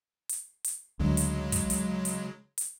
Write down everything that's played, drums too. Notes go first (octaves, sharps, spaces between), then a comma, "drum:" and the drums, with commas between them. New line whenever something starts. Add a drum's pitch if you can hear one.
drum: hi-hat
drum: hi-hat
D2 C#3 F#3 G#3
drum: hi-hat
drum: kick, hi-hat
drum: hi-hat
drum: hi-hat
drum: hi-hat